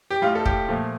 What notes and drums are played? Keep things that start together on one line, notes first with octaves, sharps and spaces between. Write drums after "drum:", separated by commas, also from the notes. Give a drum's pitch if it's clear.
G4
A2 G3 F4
A4
G4, drum: kick
A#2 F3 A3